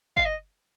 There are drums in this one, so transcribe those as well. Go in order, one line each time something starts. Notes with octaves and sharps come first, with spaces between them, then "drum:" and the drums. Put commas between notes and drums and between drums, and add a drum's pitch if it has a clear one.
F5, drum: kick G1
D#5